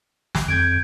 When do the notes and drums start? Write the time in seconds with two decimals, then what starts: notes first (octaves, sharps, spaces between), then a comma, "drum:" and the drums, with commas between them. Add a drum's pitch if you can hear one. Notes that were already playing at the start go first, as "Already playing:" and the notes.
0.35 drum: snare
0.48 F2 G6 G#6 D7